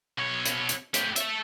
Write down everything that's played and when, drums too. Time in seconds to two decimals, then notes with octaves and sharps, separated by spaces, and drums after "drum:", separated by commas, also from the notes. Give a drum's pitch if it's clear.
0.18 B2 C#5
0.45 drum: hi-hat
0.69 drum: hi-hat
0.94 A3 G4, drum: hi-hat
1.16 A4 E5, drum: hi-hat